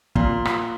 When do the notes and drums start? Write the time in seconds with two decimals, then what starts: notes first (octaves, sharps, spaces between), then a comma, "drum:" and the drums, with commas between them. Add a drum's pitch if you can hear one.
0.15 A#2, drum: kick
0.45 drum: rim click